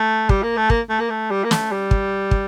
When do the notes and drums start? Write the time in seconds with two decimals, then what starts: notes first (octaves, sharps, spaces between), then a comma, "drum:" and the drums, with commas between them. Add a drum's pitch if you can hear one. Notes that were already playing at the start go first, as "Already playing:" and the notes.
Already playing: A3
0.29 G3, drum: kick
0.43 A#3
0.57 A3
0.70 A#3, drum: kick
0.90 A3
1.00 A#3
1.10 A3
1.30 G3
1.44 A#3
1.51 A3, drum: snare
1.71 G3
1.91 drum: kick
2.31 drum: kick